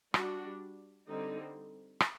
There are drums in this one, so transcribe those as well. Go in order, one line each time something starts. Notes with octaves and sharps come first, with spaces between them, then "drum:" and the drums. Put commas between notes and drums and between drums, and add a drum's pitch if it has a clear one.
G3 D4 F#4, drum: rim click
D3 G3 C4 D#4
drum: rim click